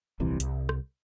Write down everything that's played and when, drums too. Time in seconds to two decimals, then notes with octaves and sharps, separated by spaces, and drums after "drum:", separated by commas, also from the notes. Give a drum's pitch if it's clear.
0.20 D#1 C2 C3 E3
0.40 C2, drum: hi-hat
0.69 drum: rim click